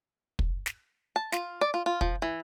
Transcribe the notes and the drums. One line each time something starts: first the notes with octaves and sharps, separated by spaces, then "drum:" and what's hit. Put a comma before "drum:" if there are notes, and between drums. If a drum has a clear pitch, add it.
drum: kick
drum: snare
A5
F4, drum: snare
D5
F4
F4
F3, drum: kick
E3